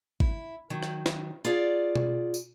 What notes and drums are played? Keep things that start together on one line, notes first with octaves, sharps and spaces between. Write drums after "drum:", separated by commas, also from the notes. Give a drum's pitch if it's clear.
E4, drum: kick
D#3 F#3
drum: rim click
drum: snare
F4 G#4 D5 F#5
drum: tom B2
drum: tambourine